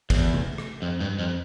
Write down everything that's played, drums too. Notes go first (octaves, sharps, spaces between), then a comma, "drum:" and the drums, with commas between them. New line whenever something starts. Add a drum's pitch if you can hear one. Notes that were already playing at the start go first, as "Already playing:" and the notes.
E2, drum: kick, cymbal
drum: tom C3
drum: rim click
F2
G2
F2